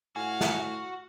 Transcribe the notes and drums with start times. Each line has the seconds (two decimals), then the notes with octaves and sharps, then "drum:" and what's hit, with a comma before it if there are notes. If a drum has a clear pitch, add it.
0.16 A2 F#4 F5 G#5
0.41 drum: snare